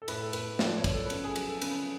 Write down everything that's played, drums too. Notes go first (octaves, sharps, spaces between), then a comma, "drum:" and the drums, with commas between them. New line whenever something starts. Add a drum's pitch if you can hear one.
A4
A2 B4, drum: cymbal
A4
A2 B4, drum: cymbal
F3 D5, drum: snare
C#5
F3, drum: kick, cymbal
A4
B4
C#3 A4, drum: cymbal
G#4
F#3, drum: cymbal
A4
C#3 B4, drum: cymbal